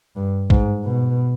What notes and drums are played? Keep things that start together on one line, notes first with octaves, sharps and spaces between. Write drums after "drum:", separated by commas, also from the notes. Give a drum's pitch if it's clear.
G2
G#2, drum: kick A1
B2